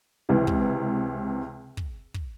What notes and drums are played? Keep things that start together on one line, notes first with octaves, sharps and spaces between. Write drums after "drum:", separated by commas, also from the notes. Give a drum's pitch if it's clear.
C#2 C3 E3
drum: kick
drum: kick
drum: kick